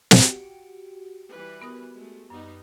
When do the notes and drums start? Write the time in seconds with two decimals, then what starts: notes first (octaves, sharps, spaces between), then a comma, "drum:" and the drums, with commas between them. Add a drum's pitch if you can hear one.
0.11 drum: snare
0.20 F#4 G4
1.30 E3 G3 B4
1.62 B3 A#4 D#6
1.94 G#3 A3
2.30 F#2 G3 B3 D#4